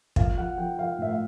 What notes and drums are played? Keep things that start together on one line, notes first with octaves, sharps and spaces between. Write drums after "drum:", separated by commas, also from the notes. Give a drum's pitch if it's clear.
F3 F5, drum: kick
F3 F#5
F3 G5
F3 F5
A2 E5
F5